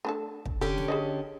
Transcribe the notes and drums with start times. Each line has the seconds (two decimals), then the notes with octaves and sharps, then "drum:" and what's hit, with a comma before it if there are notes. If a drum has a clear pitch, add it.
0.05 A3 D4 A4
0.45 drum: kick
0.61 D3 C#4 G4 A4
0.77 drum: snare
0.88 G#4 D5 D#5